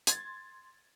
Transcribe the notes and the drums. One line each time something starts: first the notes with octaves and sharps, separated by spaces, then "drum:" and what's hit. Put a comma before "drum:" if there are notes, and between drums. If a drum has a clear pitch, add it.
C6 G#6 A6, drum: hi-hat